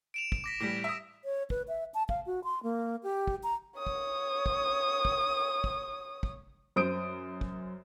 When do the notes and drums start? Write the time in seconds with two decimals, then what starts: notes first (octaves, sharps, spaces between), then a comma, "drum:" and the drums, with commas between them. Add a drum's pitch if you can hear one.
0.14 D7 E7 F7
0.32 drum: kick
0.44 D6 A#6 B6
0.60 A2 E3 G3 D6 A#6 B6
0.84 E5 D#6
1.25 C#5
1.50 B4, drum: kick
1.68 E5
1.94 A5
2.09 F5, drum: kick
2.26 F#4
2.44 C6
2.63 A#3
3.03 G4
3.27 drum: kick
3.43 A#5
3.78 C#5 D#6
3.87 drum: kick
4.46 drum: kick
5.05 drum: kick
5.64 drum: kick
6.23 drum: kick
6.76 F#2 C5 D#6 D7
7.41 drum: kick